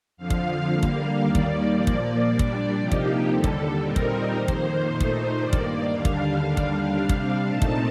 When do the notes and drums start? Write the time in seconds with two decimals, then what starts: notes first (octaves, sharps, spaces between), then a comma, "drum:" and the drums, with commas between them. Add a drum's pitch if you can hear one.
0.17 F2 D3 F3 F5
0.30 drum: kick
0.69 D3 G3 A#3 F5
0.83 drum: kick
1.21 D#2 D#3 G3 A#3 D5
1.35 drum: kick
1.75 A#2 F3 A#3
1.87 drum: kick
2.26 A#2 G3 D4
2.39 drum: kick
2.78 C3 F3 A#3 D#4 G4
2.92 drum: kick
3.31 D#2 D3 G3 A4
3.44 drum: kick
3.83 A#2 G3 C4 D#4 A#4
3.96 drum: kick
4.35 F2 D#3 A#3 C5
4.48 drum: kick
4.87 A#2 A3 D#4
5.00 drum: kick
5.39 G2 D#3 A#3 D5
5.53 drum: kick
5.92 D#2 D3 G3 D4 F5
6.05 drum: kick
6.44 D#2 D3 G3 D4
6.57 drum: kick
6.97 C3 G3 D4
7.09 drum: kick
7.49 A#2 A3 C4 D#4 A5
7.62 drum: kick